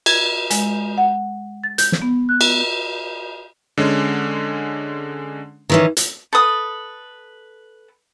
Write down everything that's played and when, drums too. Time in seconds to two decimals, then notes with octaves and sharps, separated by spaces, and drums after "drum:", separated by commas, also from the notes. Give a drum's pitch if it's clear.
0.06 G#6, drum: cymbal
0.50 G#3, drum: hi-hat
0.98 F#5
1.64 A6
1.78 G6, drum: hi-hat
1.92 drum: snare
2.02 B3
2.29 F#6
2.41 drum: cymbal
3.78 D3 G#3 C#4
5.70 D#3 E3 C#4
5.97 drum: hi-hat
6.33 A4 B4 D#6